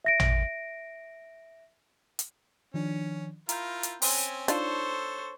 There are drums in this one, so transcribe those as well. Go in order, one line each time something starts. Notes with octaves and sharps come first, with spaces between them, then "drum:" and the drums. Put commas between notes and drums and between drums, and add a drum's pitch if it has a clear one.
E5 A#6 D7
drum: tom A1
drum: hi-hat
D#3 F3 C#4 D4
E4 F4 A#4 A#5 G6, drum: hi-hat
drum: hi-hat
C4 C#4 G#5 C6, drum: open hi-hat
D4 D#4 F4 A4 C5 C#5, drum: hi-hat